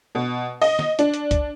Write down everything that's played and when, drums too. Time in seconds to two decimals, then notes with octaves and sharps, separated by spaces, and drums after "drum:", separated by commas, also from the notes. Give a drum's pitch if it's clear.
0.15 B2
0.62 D#5, drum: open hi-hat
0.79 drum: snare
0.99 D4, drum: hi-hat
1.14 drum: hi-hat
1.31 drum: kick C2, hi-hat